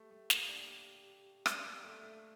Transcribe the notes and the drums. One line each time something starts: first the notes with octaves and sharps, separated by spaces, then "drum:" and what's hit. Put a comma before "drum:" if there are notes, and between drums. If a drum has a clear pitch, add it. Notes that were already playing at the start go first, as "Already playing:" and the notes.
Already playing: A3 G4
A3
A#3, drum: snare
D4
D4, drum: rim click
A#3
A3
A3